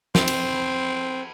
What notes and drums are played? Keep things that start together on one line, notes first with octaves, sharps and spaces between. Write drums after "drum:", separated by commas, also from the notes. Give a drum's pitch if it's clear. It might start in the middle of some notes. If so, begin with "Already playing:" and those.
C4, drum: snare
drum: cymbal